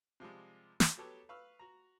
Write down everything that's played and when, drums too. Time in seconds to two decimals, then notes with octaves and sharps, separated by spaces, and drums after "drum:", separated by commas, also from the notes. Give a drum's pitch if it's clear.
0.20 C3 F3 G3 G#3
0.80 drum: snare
0.97 F#3 B3 G4 A4 C#5
1.29 B4 F5 C#6 E6 F6
1.59 F#4 A#5